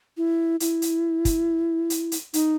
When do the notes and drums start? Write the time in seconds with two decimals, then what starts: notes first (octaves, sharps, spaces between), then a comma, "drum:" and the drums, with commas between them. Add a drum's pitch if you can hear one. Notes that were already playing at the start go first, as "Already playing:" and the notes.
0.17 E4
0.60 E4, drum: hi-hat
0.82 drum: hi-hat
1.25 drum: kick, hi-hat
1.90 drum: hi-hat
2.12 drum: hi-hat
2.34 D#4, drum: hi-hat